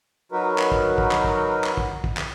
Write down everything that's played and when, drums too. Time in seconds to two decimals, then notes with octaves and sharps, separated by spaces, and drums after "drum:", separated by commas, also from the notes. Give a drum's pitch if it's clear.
0.32 F#3 D#4 F#4 A#4 B4
0.58 drum: clap
0.72 drum: kick
0.98 drum: kick
1.11 drum: clap
1.25 drum: kick
1.64 drum: clap
1.77 drum: kick
2.04 drum: kick
2.17 drum: clap